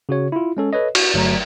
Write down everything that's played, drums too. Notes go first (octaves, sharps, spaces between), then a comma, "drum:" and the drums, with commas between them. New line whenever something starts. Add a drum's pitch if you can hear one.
C#3 F#4 C#5
E4 F4
G#3 C#4 A4
A4 B4 C#5 D#5
F#4, drum: cymbal
G1 F#3 A3 A#5